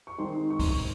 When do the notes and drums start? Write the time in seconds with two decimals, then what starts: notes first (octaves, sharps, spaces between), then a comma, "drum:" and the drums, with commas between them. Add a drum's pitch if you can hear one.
0.07 C#6
0.18 D#3 G#3 C4 D#4 C6
0.50 C#6
0.60 C6, drum: kick, open hi-hat
0.68 C#6